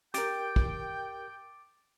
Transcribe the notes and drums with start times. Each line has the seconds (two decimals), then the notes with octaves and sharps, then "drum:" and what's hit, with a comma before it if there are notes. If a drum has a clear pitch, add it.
0.14 G4 A#4 G5 D6 A6 D7, drum: hi-hat
0.56 drum: kick